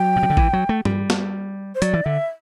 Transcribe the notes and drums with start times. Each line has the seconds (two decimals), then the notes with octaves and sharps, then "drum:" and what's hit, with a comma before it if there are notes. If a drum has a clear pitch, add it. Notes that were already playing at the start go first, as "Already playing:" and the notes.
Already playing: F#3 G5
0.16 B2
0.23 C3
0.30 D3
0.37 E3, drum: kick A1
0.53 F#3
0.69 A3
0.85 G3, drum: tom G2
1.10 drum: snare
1.75 C5
1.82 F#3 D5, drum: hi-hat
1.94 E3
2.05 D3 E5